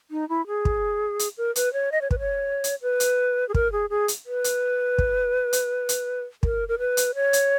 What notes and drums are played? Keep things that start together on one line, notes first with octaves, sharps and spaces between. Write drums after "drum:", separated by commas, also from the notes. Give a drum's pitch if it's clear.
D#4
E4
G#4
drum: kick
drum: hi-hat
A#4
B4, drum: hi-hat
C#5
D#5
C#5
B4, drum: kick
C#5
drum: hi-hat
B4
drum: hi-hat
G#4
A#4, drum: kick
G#4
G#4
drum: hi-hat
B4
drum: hi-hat
drum: kick
drum: hi-hat
drum: hi-hat
A#4, drum: kick
A#4
B4
drum: hi-hat
C#5
drum: hi-hat